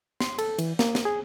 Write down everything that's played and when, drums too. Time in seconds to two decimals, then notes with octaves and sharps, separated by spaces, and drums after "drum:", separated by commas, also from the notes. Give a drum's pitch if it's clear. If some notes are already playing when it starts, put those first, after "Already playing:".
0.20 C6, drum: snare
0.39 A4, drum: cymbal
0.59 E3, drum: cymbal
0.79 A#3, drum: snare
0.95 drum: snare
1.05 G#4